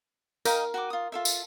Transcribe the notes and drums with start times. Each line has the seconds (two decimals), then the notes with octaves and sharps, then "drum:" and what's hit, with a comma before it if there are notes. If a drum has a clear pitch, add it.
0.45 A#4 D#5 F5 G5, drum: tambourine
0.74 F#4 G5 D6
0.90 F4 D#6
1.12 F4 A4 E5
1.25 drum: tambourine